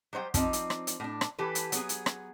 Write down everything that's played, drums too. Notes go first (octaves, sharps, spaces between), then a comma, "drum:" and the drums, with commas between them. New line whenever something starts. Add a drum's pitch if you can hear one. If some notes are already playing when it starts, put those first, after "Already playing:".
F#3 G3 C5 C#5 G5
F3 C4 D#4 D5, drum: kick, hi-hat
drum: hi-hat
drum: rim click
drum: hi-hat
A2 D4
drum: rim click
E3 G4 A4 B4
drum: hi-hat
F#3 B3 G#4, drum: hi-hat
drum: hi-hat
drum: rim click